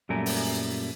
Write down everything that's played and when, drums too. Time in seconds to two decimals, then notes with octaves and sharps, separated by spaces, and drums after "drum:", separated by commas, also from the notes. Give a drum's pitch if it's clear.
0.09 F#2 A#2 G3 A3 A#4 G#5
0.26 drum: open hi-hat